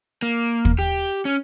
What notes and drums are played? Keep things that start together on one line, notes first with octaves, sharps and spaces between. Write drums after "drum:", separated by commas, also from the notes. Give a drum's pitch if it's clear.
A#3
drum: kick
G4
C#4